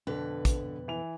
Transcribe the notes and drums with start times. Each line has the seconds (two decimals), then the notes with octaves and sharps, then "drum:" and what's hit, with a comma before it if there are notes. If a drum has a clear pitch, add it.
0.07 F2 B2 D3 B4
0.45 drum: kick, hi-hat
0.88 E3 F7